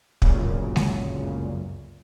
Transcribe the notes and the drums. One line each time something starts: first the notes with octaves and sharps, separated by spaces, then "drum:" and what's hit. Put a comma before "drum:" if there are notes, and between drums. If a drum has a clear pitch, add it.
G1 C#2 F#2 A#2 C#3, drum: kick
drum: snare G#3